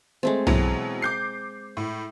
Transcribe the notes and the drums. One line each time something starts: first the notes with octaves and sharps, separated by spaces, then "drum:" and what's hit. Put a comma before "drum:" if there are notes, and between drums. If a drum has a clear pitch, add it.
G#3 A3 C4
B2 E3 F#3 A#5, drum: tom B1
D6 G6 C7
A2